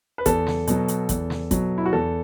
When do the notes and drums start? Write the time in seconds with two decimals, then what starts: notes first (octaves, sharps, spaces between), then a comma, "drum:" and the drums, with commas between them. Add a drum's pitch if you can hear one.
0.18 B4
0.26 E2 A4, drum: kick, hi-hat
0.47 drum: snare
0.67 B2 F#3, drum: hi-hat
0.88 drum: hi-hat
1.09 E2, drum: kick, hi-hat
1.30 drum: snare
1.51 B2 F#3, drum: kick, hi-hat
1.78 E4
1.86 F#4
1.93 E2 A4